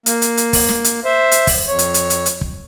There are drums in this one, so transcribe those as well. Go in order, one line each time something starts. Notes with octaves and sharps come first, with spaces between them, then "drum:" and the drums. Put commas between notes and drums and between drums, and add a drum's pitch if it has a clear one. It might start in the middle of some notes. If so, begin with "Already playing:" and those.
A#3, drum: hi-hat
drum: hi-hat
drum: hi-hat
drum: kick, open hi-hat
drum: snare
drum: hi-hat
C5 E5
drum: hi-hat
drum: kick, open hi-hat
F2 C#5
drum: hi-hat
drum: hi-hat
drum: hi-hat
drum: hi-hat
drum: kick